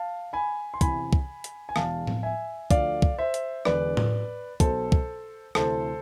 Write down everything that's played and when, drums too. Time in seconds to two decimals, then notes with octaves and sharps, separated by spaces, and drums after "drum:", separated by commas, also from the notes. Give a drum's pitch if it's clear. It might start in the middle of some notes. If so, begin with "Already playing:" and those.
Already playing: F5 A5
0.33 G#5 B5
0.74 C6
0.81 E2 C3 E3 G#5 B5, drum: kick, hi-hat
1.13 drum: kick
1.44 drum: hi-hat
1.69 G#5
1.76 E1 E2 B2 F5 A5, drum: rim click
2.07 drum: tom A2
2.23 E5 G#5
2.71 D2 D3 F3 D5 F5, drum: kick, hi-hat
3.02 drum: kick
3.18 C5 E5
3.34 drum: hi-hat
3.65 E1 E2 D3 B4 D5, drum: rim click
3.97 drum: tom A2
4.60 B1 B2 A4 C5, drum: kick, hi-hat
4.92 drum: kick
5.55 D2 C3 E3 A4 C5, drum: rim click